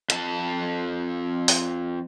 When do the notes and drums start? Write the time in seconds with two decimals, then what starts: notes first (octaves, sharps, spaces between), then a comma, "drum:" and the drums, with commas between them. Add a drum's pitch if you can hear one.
0.10 F2 A5, drum: hi-hat
1.48 drum: open hi-hat